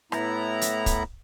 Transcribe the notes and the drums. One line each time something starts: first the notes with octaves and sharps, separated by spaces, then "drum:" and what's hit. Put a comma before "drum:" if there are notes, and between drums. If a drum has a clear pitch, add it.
A2 B3 E4 A#5, drum: rim click
drum: hi-hat
drum: kick, hi-hat